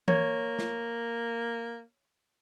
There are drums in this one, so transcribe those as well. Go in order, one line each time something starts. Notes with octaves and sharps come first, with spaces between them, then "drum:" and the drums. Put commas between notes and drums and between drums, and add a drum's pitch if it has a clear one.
A#3 C#5, drum: tom E3
drum: snare